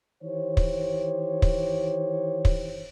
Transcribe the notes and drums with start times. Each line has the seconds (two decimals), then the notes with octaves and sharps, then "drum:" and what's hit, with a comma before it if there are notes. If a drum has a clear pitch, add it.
0.23 D#3 E3 G4 C5 C#5
0.57 drum: kick
1.42 drum: kick
2.45 drum: kick